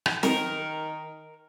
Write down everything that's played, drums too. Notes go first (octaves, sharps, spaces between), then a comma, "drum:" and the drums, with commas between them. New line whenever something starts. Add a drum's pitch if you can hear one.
drum: rim click
D#3 A#4, drum: snare